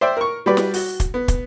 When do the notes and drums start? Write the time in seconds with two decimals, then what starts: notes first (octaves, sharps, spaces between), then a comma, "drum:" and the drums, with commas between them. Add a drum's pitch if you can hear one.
0.01 C5 D5 E5 G5
0.17 A#4 C#6
0.46 G3 F#4 B4 D5
0.57 drum: snare
0.74 F#4, drum: open hi-hat
1.00 drum: kick, hi-hat
1.14 B3
1.28 drum: kick, hi-hat